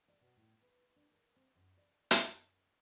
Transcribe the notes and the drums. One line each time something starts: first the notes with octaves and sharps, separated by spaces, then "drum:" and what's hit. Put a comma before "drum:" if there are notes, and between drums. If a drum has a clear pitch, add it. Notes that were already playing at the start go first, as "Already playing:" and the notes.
D5
B2
A2
B4
D4
A#4
C4
F#2
D5
F#2, drum: hi-hat